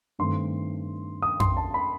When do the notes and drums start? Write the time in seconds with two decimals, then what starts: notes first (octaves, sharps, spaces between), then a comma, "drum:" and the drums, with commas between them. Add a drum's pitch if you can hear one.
0.19 G2 D#3 A3 C4 C6
1.22 D#6
1.40 C6, drum: tom F2
1.57 A5
1.74 B5